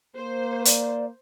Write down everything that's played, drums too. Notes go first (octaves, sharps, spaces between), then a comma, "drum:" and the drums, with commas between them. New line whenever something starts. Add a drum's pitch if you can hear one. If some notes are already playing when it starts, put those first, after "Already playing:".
A#3 C5
D5, drum: hi-hat